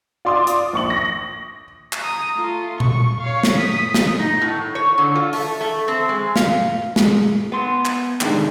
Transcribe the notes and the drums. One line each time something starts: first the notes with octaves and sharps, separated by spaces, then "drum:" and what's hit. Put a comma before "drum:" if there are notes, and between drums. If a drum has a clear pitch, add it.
F4 D5 C6 D6 D#6
drum: hi-hat
A#1 C#6 F#7
A#6
drum: clap
A#5 D#6
A3 F4
C#6, drum: tom A#2
C#5 F5
drum: snare
D#6 B6
drum: snare
D#4
A2
C#5
D3
F4
A3, drum: open hi-hat
A3
C4
G#3
F5, drum: snare
G#3, drum: snare
B3 C6
drum: clap
A2 C3 D#3 G#3 D4, drum: clap